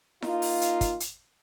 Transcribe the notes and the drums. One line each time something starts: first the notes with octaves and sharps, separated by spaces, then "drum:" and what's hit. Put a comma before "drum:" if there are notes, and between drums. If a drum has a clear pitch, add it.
A#3 D#4 F4, drum: snare E4
drum: open hi-hat
drum: hi-hat
drum: kick, hi-hat
drum: hi-hat